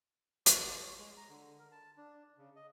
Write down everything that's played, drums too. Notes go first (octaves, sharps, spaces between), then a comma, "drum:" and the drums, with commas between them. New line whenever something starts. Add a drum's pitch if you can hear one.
C#6, drum: hi-hat
C6
C#5
G#3
A#5
D3
A#4
A5
D4
C#3
D#5